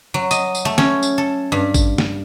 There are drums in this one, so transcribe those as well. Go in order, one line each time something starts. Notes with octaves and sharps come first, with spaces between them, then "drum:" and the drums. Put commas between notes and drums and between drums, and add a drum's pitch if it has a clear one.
F#3
D#5, drum: tambourine
drum: tambourine
A3
C#4, drum: snare
drum: tambourine
A4
G2
drum: kick, tambourine
drum: snare